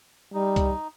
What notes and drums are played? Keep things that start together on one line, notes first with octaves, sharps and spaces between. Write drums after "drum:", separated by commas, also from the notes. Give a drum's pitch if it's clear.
G3 D#4
drum: kick C2, hi-hat